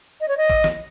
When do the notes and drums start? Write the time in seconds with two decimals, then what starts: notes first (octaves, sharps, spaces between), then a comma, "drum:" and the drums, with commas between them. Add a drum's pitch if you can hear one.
0.21 D#5
0.28 C#5
0.37 D#5
0.50 drum: kick
0.64 drum: snare